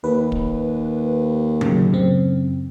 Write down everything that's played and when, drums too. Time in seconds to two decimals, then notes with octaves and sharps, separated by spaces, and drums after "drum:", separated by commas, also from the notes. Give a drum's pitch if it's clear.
0.04 D#2 B4
0.32 drum: kick
1.61 A2 C#3 F#3, drum: tom D3
1.93 F#2 C#3 C4